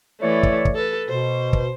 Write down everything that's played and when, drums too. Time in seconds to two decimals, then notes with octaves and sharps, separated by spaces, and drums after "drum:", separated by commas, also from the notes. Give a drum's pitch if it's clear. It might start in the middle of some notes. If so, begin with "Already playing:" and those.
0.21 E3 A3 E4 C#5 D5
0.43 drum: kick
0.65 drum: kick
0.75 A4 B4
1.09 B2 C5
1.53 drum: kick